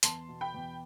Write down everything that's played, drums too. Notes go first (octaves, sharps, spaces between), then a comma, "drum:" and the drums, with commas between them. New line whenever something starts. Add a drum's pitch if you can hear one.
E2 A5 C6, drum: hi-hat
B2
G5 B5
E2